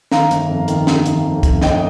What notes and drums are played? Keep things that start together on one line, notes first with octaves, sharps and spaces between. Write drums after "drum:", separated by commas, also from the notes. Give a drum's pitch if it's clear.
D#3 F5 A#5, drum: snare
G1, drum: hi-hat
F2
D#3, drum: hi-hat
C3, drum: snare
D#3, drum: hi-hat
F2
F2, drum: kick, hi-hat
G1 D#5 G5, drum: snare